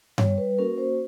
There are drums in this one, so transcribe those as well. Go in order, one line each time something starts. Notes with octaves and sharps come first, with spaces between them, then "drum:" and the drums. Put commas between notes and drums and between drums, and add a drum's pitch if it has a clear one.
G3 C#5, drum: tom G2
B4
A#3 C#4 F#4 A#4
C5